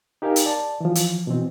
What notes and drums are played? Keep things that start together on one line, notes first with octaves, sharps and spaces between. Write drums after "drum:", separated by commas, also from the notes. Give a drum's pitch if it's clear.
D#4 G4 A#4 F5 G#5
drum: hi-hat
D5 A5
E3 F3
drum: hi-hat
B2 E3 C4